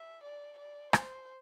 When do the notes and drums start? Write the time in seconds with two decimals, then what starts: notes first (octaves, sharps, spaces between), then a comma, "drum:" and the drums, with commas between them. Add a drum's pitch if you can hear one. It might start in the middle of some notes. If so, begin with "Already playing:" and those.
Already playing: E5
0.24 D5
0.59 D5
0.93 C5, drum: rim click